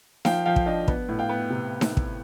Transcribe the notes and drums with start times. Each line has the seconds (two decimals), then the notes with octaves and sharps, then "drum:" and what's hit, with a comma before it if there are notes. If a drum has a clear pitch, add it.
0.25 F3 F5 G5, drum: snare D#4
0.45 F3 F5 G5
0.56 drum: kick
0.66 D4 D#5 F5
0.88 B3, drum: kick
1.08 A2
1.19 F5 G5
1.29 B3
1.50 C3
1.81 drum: snare D#4
1.97 drum: kick